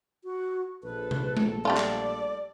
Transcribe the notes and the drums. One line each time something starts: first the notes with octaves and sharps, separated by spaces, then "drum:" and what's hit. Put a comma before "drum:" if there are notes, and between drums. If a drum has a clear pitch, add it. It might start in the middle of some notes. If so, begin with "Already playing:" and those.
F#4
A#1 A4 B4
drum: tom C3
drum: tom G#3
G3 A3 F4 D5
drum: clap